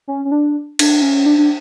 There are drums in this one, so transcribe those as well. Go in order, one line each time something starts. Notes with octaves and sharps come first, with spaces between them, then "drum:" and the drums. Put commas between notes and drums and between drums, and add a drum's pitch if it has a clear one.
C#4
C#4
D4
D4, drum: cymbal
C#4
D4
D4